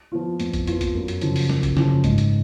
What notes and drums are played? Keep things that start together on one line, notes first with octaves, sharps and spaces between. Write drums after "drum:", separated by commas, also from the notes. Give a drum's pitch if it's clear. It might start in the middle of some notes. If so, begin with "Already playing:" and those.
F3 B3 F4
F2, drum: hi-hat
drum: kick A1, hi-hat
F3 B3 F4, drum: hi-hat
drum: kick A1, hi-hat
F#2
drum: hi-hat
C#3 F3, drum: hi-hat
drum: open hi-hat
F#2, drum: snare
drum: kick A1, hi-hat
C#3 F3, drum: snare
G#2, drum: kick A1, hi-hat
drum: hi-hat